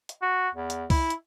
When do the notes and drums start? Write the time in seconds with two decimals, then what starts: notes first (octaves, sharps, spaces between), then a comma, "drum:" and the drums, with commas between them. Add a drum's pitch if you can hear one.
0.09 drum: hi-hat
0.22 F#4
0.55 E2
0.70 drum: hi-hat
0.90 E4, drum: kick C2, open hi-hat
1.10 drum: hi-hat